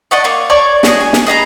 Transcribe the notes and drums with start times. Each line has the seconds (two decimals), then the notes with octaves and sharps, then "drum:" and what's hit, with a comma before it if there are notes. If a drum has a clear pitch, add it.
0.11 D5 D#5 F#5 C#6
0.24 A#3 C#5 C#6
0.50 C#5 D5 C#6
0.83 F#4 G#4 D#5, drum: snare
1.01 G#5
1.13 drum: snare
1.27 G#4 D#5 A#5 B5